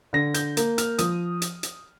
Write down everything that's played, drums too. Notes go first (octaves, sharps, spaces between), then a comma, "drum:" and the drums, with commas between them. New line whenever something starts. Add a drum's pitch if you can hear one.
D3 A#6
G6, drum: hi-hat
A#3, drum: hi-hat
F6, drum: hi-hat
F3 D#6, drum: hi-hat
drum: hi-hat
drum: hi-hat